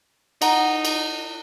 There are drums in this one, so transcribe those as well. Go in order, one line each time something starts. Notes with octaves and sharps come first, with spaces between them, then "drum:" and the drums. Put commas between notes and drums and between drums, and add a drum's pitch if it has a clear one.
D#4 F#5 A#5, drum: cymbal
drum: cymbal